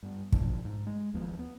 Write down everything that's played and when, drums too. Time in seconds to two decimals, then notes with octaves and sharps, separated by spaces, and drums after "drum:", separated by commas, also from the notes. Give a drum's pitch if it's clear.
0.03 G2 B3
0.32 B1 A2 F3 D4, drum: kick
0.65 G#2
0.87 G#3
1.13 F1 D#2 F3 B3
1.39 B3